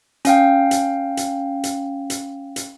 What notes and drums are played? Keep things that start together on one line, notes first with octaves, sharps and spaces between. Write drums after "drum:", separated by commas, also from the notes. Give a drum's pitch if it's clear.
C#4 F5 G5, drum: hi-hat
drum: hi-hat
drum: hi-hat
drum: hi-hat
drum: hi-hat
drum: hi-hat